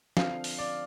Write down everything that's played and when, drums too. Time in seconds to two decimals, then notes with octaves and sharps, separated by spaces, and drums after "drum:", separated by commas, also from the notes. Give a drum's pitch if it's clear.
0.17 D3 F3 C4 F5, drum: snare
0.44 drum: open hi-hat
0.58 D5